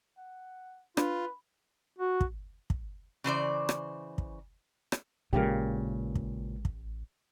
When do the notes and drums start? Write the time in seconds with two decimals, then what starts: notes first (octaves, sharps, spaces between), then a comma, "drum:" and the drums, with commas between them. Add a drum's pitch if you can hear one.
0.18 F#5
0.97 D4 F4 B4 B5, drum: rim click
1.98 F#4
2.21 drum: kick
2.70 drum: kick
3.24 C#3 E3 C5 D5
3.69 drum: rim click
4.18 drum: kick
4.92 drum: rim click
5.33 A1 A#2 C#3 E3 G#3 G4 A#4
6.15 drum: kick
6.65 drum: kick